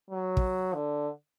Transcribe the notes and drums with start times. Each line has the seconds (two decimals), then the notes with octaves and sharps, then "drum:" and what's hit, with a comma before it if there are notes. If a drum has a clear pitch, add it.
0.10 F#3
0.37 drum: kick
0.74 D3